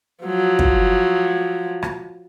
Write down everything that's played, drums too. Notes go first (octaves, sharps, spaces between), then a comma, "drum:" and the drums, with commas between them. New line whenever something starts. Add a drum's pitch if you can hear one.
F3 F#3
drum: kick
drum: rim click